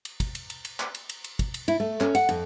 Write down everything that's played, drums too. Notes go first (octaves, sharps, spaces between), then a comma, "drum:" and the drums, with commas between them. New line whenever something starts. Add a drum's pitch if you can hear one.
drum: cymbal
drum: kick, cymbal
drum: cymbal
drum: cymbal
drum: cymbal
drum: clap
drum: cymbal
drum: cymbal
drum: cymbal
drum: kick, cymbal
drum: cymbal
E4, drum: cymbal
A3
C#4, drum: clap
F#5, drum: cymbal
F2, drum: cymbal